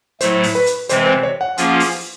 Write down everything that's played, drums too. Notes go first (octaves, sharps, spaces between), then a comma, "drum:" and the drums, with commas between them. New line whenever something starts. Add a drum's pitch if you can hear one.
A2 F#3 A3 C5, drum: hi-hat
drum: open hi-hat
B4
drum: hi-hat
C3 E3 G#3 C4 C5, drum: hi-hat
C5
C#5
F#5
F3 A#3 C#4 F4 G#4, drum: hi-hat
drum: open hi-hat